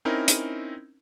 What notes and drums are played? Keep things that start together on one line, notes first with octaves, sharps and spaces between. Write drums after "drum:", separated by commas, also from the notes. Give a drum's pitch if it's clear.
C4 C#4 D#4 E4 A#4
drum: hi-hat